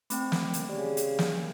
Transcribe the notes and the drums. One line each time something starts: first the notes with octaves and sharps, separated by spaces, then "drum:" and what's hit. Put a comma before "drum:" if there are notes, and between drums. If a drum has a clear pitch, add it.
A3 C4 G5, drum: hi-hat
drum: snare
drum: hi-hat
C#3 G4 D5
drum: hi-hat
drum: snare